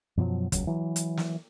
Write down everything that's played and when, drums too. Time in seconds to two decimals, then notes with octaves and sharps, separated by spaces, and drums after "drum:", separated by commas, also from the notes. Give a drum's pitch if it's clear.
0.17 F#2 B2 F3 F#3
0.52 E1 C#2 F#3, drum: kick, hi-hat
0.67 E3 F#3
0.96 drum: hi-hat
1.17 drum: snare